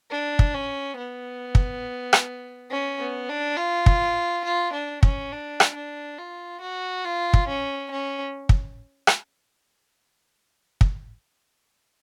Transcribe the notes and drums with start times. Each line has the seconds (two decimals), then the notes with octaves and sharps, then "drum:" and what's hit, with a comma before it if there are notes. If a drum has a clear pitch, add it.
0.10 D4
0.39 drum: kick
0.54 C#4
0.97 B3
1.55 drum: kick
2.13 drum: rim click
2.71 C#4
2.99 B3
3.29 D4
3.57 F4
3.86 drum: kick
4.45 F4
4.73 D4
5.03 C#4, drum: kick
5.32 D4
5.60 drum: rim click
5.74 D4
6.18 F4
6.61 F#4
7.05 F4
7.34 drum: kick
7.48 C#4
7.91 C#4
8.49 drum: kick
9.07 drum: rim click
10.81 drum: kick